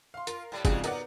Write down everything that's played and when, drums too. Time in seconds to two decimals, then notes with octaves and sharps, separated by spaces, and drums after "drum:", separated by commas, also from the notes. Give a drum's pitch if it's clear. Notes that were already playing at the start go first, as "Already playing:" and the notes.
0.14 F5 C6
0.27 F4 A#4, drum: hi-hat
0.52 A2 G3
0.65 F2 G#2 C#3 G3 F#4 G#4, drum: kick F#1, hi-hat
0.84 F#3 B3 D#4 A#4 D5 F#5, drum: hi-hat